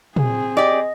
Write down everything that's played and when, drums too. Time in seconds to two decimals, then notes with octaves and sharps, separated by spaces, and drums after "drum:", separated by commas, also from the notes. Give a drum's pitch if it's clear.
0.16 C4 G#4, drum: tom
0.57 G4 D5 D#5